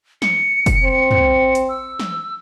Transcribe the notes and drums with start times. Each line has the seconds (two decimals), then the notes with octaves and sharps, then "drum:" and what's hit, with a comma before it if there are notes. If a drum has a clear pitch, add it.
0.22 C#7, drum: snare
0.66 drum: kick, hi-hat
0.84 C4
1.11 drum: tom
1.55 drum: hi-hat
1.69 E6
1.99 drum: snare